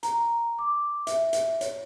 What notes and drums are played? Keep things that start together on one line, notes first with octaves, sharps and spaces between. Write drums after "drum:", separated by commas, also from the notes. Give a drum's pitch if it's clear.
A#5, drum: hi-hat
D6
E5, drum: hi-hat
drum: hi-hat
C#5, drum: hi-hat